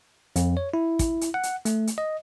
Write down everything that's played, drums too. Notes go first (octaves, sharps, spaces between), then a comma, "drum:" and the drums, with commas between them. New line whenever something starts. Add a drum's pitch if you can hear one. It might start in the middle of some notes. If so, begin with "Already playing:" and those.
F2, drum: hi-hat
C#5
E4
drum: kick, hi-hat
drum: hi-hat
F#5
drum: hi-hat
A3, drum: hi-hat
drum: hi-hat
D#5